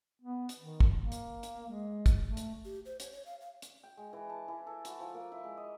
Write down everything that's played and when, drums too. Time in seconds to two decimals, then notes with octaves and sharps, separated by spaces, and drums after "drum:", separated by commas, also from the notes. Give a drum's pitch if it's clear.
0.21 B3
0.49 drum: hi-hat
0.59 D#3
0.80 drum: kick
0.99 A#3
1.12 drum: hi-hat
1.43 drum: hi-hat
1.69 G#3
2.06 drum: kick, hi-hat
2.26 A3
2.37 drum: hi-hat
2.65 G4
2.85 C5
3.00 C#5, drum: hi-hat
3.13 C#5
3.26 F5
3.41 F5
3.62 drum: hi-hat
3.83 G5
3.97 G#3
4.13 E3
4.29 A5
4.48 E3
4.67 A4
4.85 F#4, drum: hi-hat
5.00 F3
5.14 A#3
5.32 E4
5.44 G#3
5.57 D#5